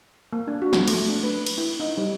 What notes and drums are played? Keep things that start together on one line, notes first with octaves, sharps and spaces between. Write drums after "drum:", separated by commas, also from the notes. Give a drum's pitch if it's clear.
A#3
D4
F#4
drum: snare
A3, drum: cymbal
D4
B4
drum: cymbal
E4
D#4
G3